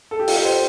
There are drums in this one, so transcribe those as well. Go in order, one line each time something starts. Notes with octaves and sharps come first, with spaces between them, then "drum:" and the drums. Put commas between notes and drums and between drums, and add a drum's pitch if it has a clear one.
A4
G4
F4, drum: open hi-hat
G4
C5